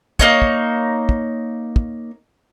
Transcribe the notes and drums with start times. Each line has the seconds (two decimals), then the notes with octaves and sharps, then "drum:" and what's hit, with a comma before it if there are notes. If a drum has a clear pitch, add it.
0.19 A#3 D#4 C#5, drum: kick
0.42 drum: kick
1.09 drum: kick
1.76 drum: kick